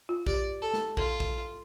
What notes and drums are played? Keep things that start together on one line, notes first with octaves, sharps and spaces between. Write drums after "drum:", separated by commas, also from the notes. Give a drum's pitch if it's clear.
F4
G4 D5, drum: kick A#1
A4
drum: snare
F4 A4, drum: kick A#1
drum: kick A#1